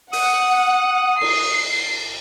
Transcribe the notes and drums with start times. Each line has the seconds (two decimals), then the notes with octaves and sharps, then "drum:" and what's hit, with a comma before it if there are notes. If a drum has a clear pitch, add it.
0.13 F#5 D#6, drum: open hi-hat
1.21 C7, drum: cymbal